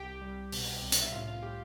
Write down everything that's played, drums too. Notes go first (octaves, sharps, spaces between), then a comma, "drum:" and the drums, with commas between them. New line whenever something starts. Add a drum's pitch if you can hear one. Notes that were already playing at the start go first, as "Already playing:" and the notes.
Already playing: C2 G4 G5
G3
B2, drum: open hi-hat
C2
drum: hi-hat
E5
A2 F4 F5
F4 F5
A2 G4 G5